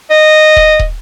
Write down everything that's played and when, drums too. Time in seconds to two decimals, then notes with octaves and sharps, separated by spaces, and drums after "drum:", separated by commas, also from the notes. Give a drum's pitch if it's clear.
0.11 D#5
0.57 drum: kick
0.79 drum: kick